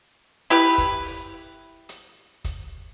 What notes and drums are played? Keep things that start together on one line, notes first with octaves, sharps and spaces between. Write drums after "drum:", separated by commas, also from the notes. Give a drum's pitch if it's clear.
E4 G4 B4, drum: hi-hat
drum: kick, hi-hat
drum: open hi-hat
drum: hi-hat
drum: kick, hi-hat